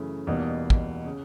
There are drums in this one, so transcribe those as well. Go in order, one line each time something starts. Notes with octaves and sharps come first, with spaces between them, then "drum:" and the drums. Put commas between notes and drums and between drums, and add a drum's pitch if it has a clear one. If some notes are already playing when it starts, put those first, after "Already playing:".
Already playing: F#2 C#3 E3 A3
E2 B2 G3 A#3 D#4
drum: kick
C#3